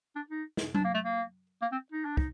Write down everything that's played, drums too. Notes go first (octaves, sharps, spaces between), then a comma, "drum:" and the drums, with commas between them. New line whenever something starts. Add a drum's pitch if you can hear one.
D4
D#4
drum: snare
D4, drum: tom F#3
A#3
A3
A#3
A#3
C4
D#4
D4
D#4, drum: kick